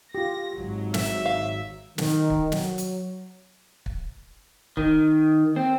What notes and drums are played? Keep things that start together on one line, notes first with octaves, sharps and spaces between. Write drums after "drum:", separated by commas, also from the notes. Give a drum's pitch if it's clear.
F4 G4 A#6
G#1 F#3
E5, drum: snare
F5
D#3, drum: snare
drum: kick
F#3, drum: snare
drum: hi-hat
drum: kick
D#3, drum: kick
C4